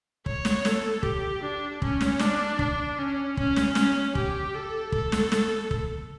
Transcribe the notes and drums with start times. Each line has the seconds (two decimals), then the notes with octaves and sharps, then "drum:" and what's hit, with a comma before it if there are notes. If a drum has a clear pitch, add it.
0.26 C#5, drum: kick
0.45 drum: snare
0.65 A4, drum: snare
1.03 G4, drum: kick
1.42 D4
1.82 C#4, drum: kick
2.01 drum: snare
2.20 D4, drum: snare
2.59 D4, drum: kick
2.98 C#4
3.37 C#4, drum: kick
3.56 drum: snare
3.75 C#4, drum: snare
4.15 G4, drum: kick
4.54 A4
4.92 A4, drum: kick
5.12 drum: snare
5.32 drum: snare
5.71 drum: kick